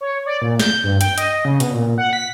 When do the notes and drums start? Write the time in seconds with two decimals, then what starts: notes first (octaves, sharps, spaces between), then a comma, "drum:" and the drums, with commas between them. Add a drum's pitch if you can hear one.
0.01 C#5
0.26 D5
0.42 A#2
0.60 G6, drum: snare
0.84 G2
1.01 G5, drum: hi-hat
1.18 D#5, drum: hi-hat
1.45 C#3
1.60 B2, drum: hi-hat
1.73 A#2
1.98 F#5
2.13 B6